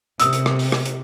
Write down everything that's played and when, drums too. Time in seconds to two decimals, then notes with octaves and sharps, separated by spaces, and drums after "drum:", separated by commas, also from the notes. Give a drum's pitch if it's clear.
0.20 C3 D#6 E6, drum: hi-hat
0.33 drum: hi-hat
0.46 drum: rim click
0.59 drum: open hi-hat
0.72 drum: rim click
0.86 drum: hi-hat